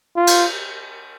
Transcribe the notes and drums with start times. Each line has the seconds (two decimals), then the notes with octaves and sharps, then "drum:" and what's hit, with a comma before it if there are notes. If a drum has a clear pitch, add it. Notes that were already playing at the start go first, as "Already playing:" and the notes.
0.16 F4
0.27 drum: cymbal